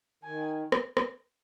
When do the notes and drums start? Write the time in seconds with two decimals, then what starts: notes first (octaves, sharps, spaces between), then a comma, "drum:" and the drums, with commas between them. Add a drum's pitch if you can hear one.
0.24 D#3 G#5
0.72 drum: rim click
0.97 drum: rim click